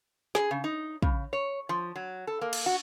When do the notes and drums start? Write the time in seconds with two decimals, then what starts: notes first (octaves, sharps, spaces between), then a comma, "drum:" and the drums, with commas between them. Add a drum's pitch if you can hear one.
0.35 G#4, drum: snare
0.51 C#3
0.64 D#4
1.02 C#3, drum: kick
1.33 C#5
1.69 F3
1.96 F#3
2.27 A4
2.41 A#3
2.53 drum: cymbal
2.66 F#4